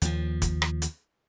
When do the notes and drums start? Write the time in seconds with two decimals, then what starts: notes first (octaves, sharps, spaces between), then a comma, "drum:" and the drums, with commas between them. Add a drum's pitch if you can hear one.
0.02 D#2 F3, drum: hi-hat
0.42 drum: kick, hi-hat
0.62 drum: rim click
0.82 drum: hi-hat